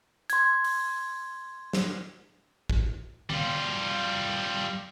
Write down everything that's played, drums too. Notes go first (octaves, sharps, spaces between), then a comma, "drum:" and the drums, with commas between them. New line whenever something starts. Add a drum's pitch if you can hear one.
C6 G#6, drum: hi-hat
drum: open hi-hat
drum: snare
drum: kick
G3 F4, drum: tom D3